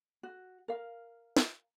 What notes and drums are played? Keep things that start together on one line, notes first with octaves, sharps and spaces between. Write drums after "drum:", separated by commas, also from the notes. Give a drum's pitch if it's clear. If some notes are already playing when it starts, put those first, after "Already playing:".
F#4
A#4 F5
drum: snare